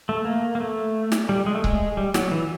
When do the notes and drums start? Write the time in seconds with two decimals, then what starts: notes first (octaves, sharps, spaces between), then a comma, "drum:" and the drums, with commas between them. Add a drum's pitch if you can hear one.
0.09 A3
0.25 A#3
0.55 A#3
0.60 A3
1.12 drum: snare
1.29 G3
1.46 G#3
1.55 A3
1.64 G#3, drum: kick C#1
1.97 G3
2.14 F#3, drum: snare
2.31 E3